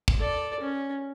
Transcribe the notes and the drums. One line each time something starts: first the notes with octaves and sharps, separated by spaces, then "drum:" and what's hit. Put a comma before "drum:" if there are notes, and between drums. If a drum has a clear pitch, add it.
drum: kick
A4 D5
C#4